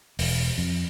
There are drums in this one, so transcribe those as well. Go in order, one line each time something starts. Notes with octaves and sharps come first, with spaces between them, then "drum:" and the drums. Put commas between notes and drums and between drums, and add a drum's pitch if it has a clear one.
E1, drum: open hi-hat
F2